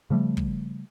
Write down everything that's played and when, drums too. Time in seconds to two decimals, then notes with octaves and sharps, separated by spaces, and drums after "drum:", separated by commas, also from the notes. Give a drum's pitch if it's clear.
0.10 C#3 F3 G3 A3
0.37 drum: kick